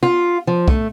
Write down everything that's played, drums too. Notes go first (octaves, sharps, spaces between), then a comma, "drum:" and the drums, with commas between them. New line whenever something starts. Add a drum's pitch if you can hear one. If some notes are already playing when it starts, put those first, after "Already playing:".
F4
F3
A3, drum: kick